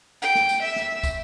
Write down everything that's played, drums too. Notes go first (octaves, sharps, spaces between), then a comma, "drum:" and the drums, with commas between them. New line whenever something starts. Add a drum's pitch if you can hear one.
G5, drum: tambourine
drum: snare
drum: tambourine
E5
drum: snare
drum: kick, tambourine